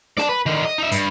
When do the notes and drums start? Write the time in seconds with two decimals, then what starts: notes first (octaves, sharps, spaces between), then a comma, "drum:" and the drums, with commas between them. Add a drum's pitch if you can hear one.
0.17 D5 A5, drum: snare
0.29 B4
0.46 D3 D#3
0.65 D#5
0.78 D#4 E5
0.92 G2, drum: hi-hat